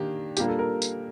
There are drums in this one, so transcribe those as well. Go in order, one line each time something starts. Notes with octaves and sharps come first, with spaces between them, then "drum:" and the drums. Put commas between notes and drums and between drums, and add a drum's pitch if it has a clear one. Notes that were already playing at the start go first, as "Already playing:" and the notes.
Already playing: D#3 A#3 D4 G4
A#2 G3 A#3 D4 G4, drum: tambourine
A4
A#4
drum: tambourine